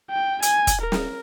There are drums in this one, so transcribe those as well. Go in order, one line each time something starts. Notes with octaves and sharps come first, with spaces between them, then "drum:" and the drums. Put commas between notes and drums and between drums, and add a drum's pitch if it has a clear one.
G5
G#5, drum: hi-hat
drum: kick, hi-hat
A#4
drum: snare